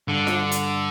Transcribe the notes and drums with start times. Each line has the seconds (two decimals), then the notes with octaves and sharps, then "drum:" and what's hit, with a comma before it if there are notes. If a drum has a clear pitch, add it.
0.08 G2 D3
0.27 drum: snare F4
0.52 drum: hi-hat